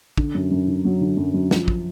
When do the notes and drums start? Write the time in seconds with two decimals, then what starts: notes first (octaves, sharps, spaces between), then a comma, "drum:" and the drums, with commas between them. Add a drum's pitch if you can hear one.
0.17 D3, drum: kick
0.35 F#2
0.51 F#2
0.68 D3
0.85 F#3
1.01 D3
1.17 F#2
1.34 F#2
1.51 F3, drum: snare
1.68 drum: kick